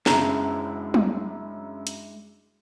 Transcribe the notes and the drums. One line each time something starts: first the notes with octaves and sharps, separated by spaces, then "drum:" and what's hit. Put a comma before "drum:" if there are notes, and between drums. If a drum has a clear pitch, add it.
F#2 C#3 G#3 D4 E4 A#5, drum: snare
drum: tom
drum: hi-hat